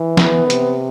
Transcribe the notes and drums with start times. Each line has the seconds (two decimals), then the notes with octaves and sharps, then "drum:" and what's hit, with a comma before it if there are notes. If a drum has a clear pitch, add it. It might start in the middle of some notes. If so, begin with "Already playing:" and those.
Already playing: E3
0.17 B3, drum: snare
0.50 C3, drum: hi-hat